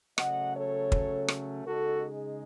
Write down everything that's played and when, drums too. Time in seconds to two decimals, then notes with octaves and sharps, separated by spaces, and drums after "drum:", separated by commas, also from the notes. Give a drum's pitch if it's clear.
0.18 C#3 F#3 A3 C#4 D#5 F#5, drum: rim click
0.55 A4 C#5
0.92 drum: kick
1.28 drum: rim click
1.65 C#3 G#3 D#4 F#4 A4
2.02 G#4